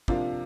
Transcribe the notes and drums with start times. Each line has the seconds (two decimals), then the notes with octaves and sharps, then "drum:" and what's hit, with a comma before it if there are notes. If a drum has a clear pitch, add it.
0.08 C3 F3 A#3 D4 F4, drum: kick